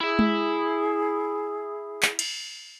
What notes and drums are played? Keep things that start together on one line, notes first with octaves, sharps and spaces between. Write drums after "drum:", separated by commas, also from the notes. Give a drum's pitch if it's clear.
E4 G#4 E5
drum: tom G#3
drum: clap
drum: cymbal